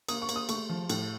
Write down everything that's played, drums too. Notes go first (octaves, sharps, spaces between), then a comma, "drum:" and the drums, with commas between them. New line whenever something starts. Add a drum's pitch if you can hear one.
A#3 D#6, drum: cymbal
C#6
A#3, drum: cymbal
D#6
A3 C#6, drum: cymbal
F3
A2, drum: cymbal